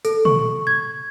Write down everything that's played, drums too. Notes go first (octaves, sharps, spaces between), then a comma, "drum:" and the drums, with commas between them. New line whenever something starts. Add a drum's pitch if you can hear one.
A4, drum: hi-hat
C#6, drum: tom
G#6